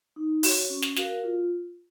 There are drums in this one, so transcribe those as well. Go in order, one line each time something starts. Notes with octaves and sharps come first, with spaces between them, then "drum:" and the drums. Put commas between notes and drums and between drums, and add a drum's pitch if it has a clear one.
D#4
F#4 C#5, drum: open hi-hat
C#4
drum: snare
F#4 A#4 F5, drum: snare
F4